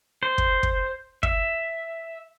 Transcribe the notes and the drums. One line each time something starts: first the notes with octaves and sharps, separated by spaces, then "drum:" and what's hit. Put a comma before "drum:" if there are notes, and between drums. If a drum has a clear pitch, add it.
C5
drum: kick
drum: kick
E5, drum: kick